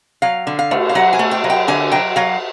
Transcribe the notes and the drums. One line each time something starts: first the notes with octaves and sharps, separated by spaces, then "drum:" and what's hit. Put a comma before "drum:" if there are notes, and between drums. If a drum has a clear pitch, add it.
F#3 F5
D3
F5
A3, drum: cymbal
F5
F#3 F#5
G#5
A3
G5
F#3, drum: cymbal
G5
D3 G#5
F#3 G5
F#3 F5